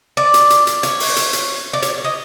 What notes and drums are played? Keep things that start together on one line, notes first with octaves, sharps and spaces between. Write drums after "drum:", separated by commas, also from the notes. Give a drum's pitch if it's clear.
D5
drum: hi-hat
drum: hi-hat
drum: hi-hat
C#5, drum: hi-hat
drum: open hi-hat
drum: hi-hat
drum: hi-hat
D5
C#5, drum: hi-hat
D#5